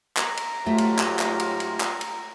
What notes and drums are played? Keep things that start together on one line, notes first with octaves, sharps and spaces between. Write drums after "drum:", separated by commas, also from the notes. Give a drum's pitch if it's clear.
A#5, drum: clap
drum: cymbal
G#2 F#3 A3 F4 G4 E5
drum: cymbal
drum: clap
drum: clap
drum: cymbal
drum: cymbal
drum: clap
drum: cymbal